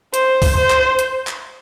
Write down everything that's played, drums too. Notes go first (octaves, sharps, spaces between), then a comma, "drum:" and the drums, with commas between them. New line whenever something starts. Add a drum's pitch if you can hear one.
C5, drum: hi-hat
drum: kick, open hi-hat
C5
drum: clap
drum: hi-hat
drum: clap